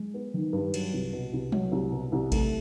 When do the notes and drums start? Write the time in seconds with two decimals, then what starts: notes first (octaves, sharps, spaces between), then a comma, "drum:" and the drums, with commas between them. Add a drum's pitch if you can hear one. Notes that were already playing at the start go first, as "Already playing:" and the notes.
Already playing: G#3
0.14 B3
0.34 D#3
0.53 G2
0.74 F#3, drum: cymbal
0.93 C2
1.13 B2
1.33 C2
1.52 F#3, drum: tom G3
1.72 C2
1.92 B2
2.12 C2
2.32 A3, drum: kick A1, cymbal